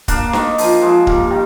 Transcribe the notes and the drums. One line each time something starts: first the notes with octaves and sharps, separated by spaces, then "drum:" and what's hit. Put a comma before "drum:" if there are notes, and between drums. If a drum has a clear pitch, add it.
A#3 D4, drum: kick D1, hi-hat
D#3, drum: snare
F3, drum: open hi-hat
F3 G#3
G3 A#3, drum: kick D1
D#3 G3